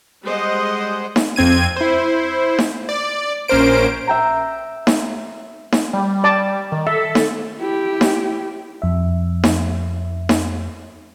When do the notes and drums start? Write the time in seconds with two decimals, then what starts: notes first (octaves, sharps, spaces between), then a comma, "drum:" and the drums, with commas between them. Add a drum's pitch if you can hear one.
0.23 G3 G#3 C5 D#5 F#5
1.16 drum: snare D#4
1.36 F2 C4 G#6 D#7
1.76 E4 C5
2.58 drum: snare D#4
2.89 D5
3.48 A#1 C#4 A#4 C5 D7
4.07 E5 G5 A#5
4.87 drum: snare D#4
5.72 drum: snare D#4
5.93 G3
6.24 D5 A5 D6
6.72 D#3
6.87 A4 E5
7.15 drum: snare D#4
7.58 E4 G4
8.01 drum: snare D#4
8.82 F2 E5
9.44 drum: snare D#4
10.29 drum: snare D#4